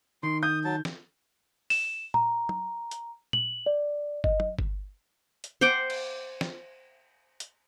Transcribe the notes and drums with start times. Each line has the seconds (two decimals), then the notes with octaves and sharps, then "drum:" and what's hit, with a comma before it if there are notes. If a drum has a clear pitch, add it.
0.23 D#3 C6
0.43 D#6 G6
0.64 F#3 A5
0.85 drum: snare
1.70 E7, drum: open hi-hat
2.14 A#5, drum: tom A#2
2.49 drum: tom
2.91 drum: hi-hat
3.33 F#7, drum: tom A#2
3.66 D5
4.24 D#5, drum: kick G1
4.40 drum: tom
4.59 drum: kick G1
5.44 drum: hi-hat
5.61 C5 F#5 G5 D6
5.90 drum: cymbal
6.41 drum: snare
7.40 drum: hi-hat